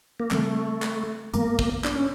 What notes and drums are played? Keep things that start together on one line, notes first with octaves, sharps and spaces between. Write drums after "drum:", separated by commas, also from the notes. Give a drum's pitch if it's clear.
A#3
C#3 E3 G3 A3 C4, drum: clap
drum: clap
G2 E3 G#3 A#3 B3, drum: hi-hat
drum: kick
D4, drum: clap
C#4